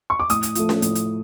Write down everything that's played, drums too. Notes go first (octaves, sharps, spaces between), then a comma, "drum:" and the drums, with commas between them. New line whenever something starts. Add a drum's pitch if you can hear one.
C#6
D6
A2 D#6, drum: hi-hat
drum: hi-hat
F3 A3, drum: hi-hat
drum: snare C#4
A2, drum: hi-hat
drum: hi-hat